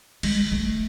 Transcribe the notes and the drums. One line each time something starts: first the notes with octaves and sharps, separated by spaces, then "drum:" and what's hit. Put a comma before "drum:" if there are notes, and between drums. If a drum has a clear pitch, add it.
G#3, drum: cymbal
A3